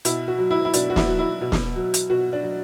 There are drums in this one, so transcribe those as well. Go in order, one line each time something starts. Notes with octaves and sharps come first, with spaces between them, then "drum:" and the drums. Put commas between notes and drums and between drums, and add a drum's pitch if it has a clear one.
B2 E4, drum: hi-hat
F#4
F#3
E4
E4
B2 D4, drum: hi-hat
F#4
E4, drum: snare
F#3
E4
B2
drum: snare
F#3
drum: hi-hat
B2 F#4
D4
F#3